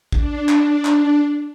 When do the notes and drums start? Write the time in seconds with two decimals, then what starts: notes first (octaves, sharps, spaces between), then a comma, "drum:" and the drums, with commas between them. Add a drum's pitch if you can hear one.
0.12 D4, drum: kick A1
0.49 drum: clap
0.85 drum: clap